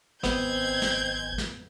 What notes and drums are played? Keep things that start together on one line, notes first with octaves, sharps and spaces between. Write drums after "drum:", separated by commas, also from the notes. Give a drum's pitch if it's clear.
G#1 B3 C4 G6 G#6, drum: snare
drum: snare
drum: snare